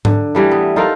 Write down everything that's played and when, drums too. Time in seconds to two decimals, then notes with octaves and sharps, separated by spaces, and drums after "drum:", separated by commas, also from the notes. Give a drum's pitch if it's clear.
0.05 D3, drum: tom G#2
0.35 E3 G3 A3
0.51 B3
0.76 D#4 F4 A4 A#4